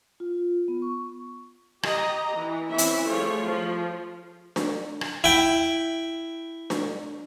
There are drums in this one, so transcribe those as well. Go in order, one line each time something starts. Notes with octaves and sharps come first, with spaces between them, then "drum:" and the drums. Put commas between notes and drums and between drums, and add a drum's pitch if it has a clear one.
F4
B3
C#6
G4 D#5 A#5, drum: rim click
E3
E3 C4 C#4 E4 E5
drum: hi-hat
F3 G3 A3 F4 G#4 C#5
F3 F4
drum: snare D4
drum: rim click
E4 G5
drum: snare D4